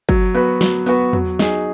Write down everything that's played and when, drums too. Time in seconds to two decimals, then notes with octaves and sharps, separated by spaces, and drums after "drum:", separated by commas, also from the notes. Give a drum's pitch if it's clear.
0.09 F#3, drum: kick, hi-hat
0.34 B3 F#4 B4, drum: hi-hat
0.61 F#3, drum: snare
0.86 B3 F#4 B4, drum: open hi-hat
1.13 F#3, drum: tom E2
1.39 D#4 G#4, drum: snare